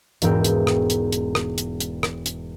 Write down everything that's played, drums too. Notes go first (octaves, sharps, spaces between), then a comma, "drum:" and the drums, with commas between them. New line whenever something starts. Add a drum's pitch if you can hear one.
E1 G#2 B3 A#4 G5 E6, drum: hi-hat
drum: hi-hat
drum: rim click
drum: hi-hat
drum: hi-hat
drum: rim click
drum: hi-hat
drum: hi-hat
drum: rim click
drum: hi-hat